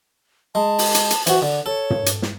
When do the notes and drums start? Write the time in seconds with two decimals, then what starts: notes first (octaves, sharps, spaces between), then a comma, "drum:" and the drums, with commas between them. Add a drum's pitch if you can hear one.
0.55 G#3 A5
0.79 drum: open hi-hat
0.95 drum: hi-hat
1.10 drum: hi-hat
1.26 E3 F#4 C5, drum: hi-hat
1.42 D3 D5
1.66 A4 C#5
1.90 drum: tom
2.06 drum: hi-hat
2.22 drum: snare